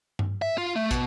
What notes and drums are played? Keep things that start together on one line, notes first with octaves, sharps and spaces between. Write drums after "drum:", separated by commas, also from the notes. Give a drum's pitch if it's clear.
drum: tom G2
E5
F4
A3
B2, drum: kick, hi-hat